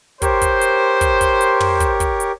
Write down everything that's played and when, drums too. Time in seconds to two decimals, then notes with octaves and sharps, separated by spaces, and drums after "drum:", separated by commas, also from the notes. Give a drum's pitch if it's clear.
0.22 G4 A#4 C5 C#5, drum: kick, hi-hat
0.41 drum: kick, hi-hat
0.61 drum: hi-hat
1.01 drum: kick, hi-hat
1.21 drum: kick, hi-hat
1.41 drum: hi-hat
1.60 drum: tom
1.80 drum: kick, hi-hat
2.00 drum: kick, hi-hat
2.20 drum: hi-hat